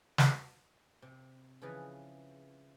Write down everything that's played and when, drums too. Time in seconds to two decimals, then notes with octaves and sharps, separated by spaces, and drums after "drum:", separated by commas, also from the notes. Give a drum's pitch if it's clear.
0.18 drum: snare
1.02 C3
1.62 C#3 E3 F3 G#4 B4 D#5